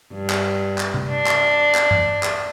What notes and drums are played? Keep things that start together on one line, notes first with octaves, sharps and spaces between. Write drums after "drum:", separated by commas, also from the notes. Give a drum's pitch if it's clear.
G2
drum: clap
drum: clap
drum: tom C3
D4
drum: clap
drum: clap
drum: tom G2
drum: clap